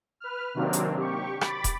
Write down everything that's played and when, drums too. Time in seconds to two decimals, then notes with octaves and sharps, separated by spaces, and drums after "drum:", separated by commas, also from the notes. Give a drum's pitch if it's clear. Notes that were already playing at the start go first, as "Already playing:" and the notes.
0.20 B4 F6
0.54 C3 D#3 F#3 A#3 C4 D4
0.73 drum: hi-hat
0.97 G4 C#6
1.41 B5 D6 A6, drum: rim click
1.64 drum: kick, hi-hat